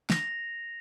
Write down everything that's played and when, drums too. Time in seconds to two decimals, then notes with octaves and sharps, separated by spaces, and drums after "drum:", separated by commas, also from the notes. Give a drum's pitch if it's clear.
0.10 A#6 F7, drum: snare